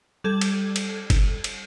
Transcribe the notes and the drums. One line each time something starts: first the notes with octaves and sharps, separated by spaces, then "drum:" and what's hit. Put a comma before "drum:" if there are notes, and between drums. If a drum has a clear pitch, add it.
G3 A4 G#6
drum: cymbal
drum: cymbal
drum: kick F#1, cymbal
drum: cymbal